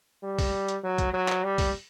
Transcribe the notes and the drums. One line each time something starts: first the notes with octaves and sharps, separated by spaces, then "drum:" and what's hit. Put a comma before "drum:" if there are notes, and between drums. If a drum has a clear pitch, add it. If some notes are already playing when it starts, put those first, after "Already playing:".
G3
drum: kick, open hi-hat
drum: hi-hat
F#3
drum: kick, hi-hat
F#3
drum: clap
G3
drum: kick, open hi-hat